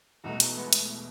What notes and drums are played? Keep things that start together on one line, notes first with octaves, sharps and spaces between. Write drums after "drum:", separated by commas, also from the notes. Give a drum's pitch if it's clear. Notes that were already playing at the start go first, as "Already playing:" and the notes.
E2 B2 A3 D#4 F#4
drum: hi-hat
G#3 B3
drum: hi-hat